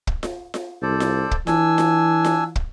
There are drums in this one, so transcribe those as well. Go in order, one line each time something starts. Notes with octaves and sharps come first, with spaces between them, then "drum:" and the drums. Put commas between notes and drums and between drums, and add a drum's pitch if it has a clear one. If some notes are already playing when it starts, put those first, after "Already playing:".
drum: kick
drum: snare F4
drum: snare F4
C2 A4 C5 D5
drum: snare F4
drum: kick
E3 D4 G#5 E6, drum: snare F4
drum: snare F4
drum: snare F4
drum: kick